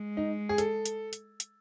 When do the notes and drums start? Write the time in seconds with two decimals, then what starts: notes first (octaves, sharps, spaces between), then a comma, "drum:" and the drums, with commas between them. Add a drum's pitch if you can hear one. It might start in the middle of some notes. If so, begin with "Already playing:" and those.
Already playing: G#3
0.17 D#4
0.49 G#4
0.58 A4, drum: hi-hat
0.85 drum: hi-hat
1.13 drum: hi-hat
1.40 drum: hi-hat